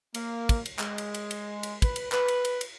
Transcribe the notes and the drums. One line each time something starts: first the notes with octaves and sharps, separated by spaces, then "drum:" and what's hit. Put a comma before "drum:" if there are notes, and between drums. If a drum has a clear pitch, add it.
A#3, drum: cymbal
drum: kick, cymbal
drum: cymbal
G#3, drum: clap
drum: cymbal
drum: cymbal
drum: cymbal
drum: cymbal
B4, drum: kick, cymbal
drum: cymbal
B4, drum: clap
drum: cymbal
drum: cymbal
drum: cymbal